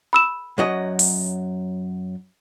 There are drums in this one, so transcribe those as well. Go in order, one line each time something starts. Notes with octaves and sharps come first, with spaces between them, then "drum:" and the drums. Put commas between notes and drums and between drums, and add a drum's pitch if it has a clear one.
B5 E6 E7
F#2 F#3 D#5
drum: open hi-hat